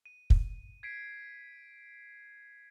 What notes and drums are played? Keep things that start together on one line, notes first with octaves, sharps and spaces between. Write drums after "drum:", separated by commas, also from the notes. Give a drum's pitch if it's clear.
D#7
drum: kick
G#6 B6 C7 D7